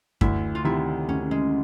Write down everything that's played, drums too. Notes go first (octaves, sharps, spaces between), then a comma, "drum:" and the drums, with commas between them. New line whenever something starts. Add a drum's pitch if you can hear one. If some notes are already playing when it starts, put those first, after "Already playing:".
D2 E4, drum: kick F#2
F4
C3 D#3 E4
D2 C#4
G#3